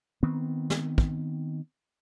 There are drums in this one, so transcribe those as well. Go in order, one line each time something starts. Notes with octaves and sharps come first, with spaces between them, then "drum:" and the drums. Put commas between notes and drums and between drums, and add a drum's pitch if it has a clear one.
D#3 B3 C4
drum: snare
drum: kick